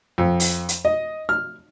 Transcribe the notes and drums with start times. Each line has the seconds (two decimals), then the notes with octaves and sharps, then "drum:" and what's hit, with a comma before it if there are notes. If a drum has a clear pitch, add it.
0.18 F2
0.40 drum: open hi-hat
0.69 drum: hi-hat
0.85 D#5
1.29 F6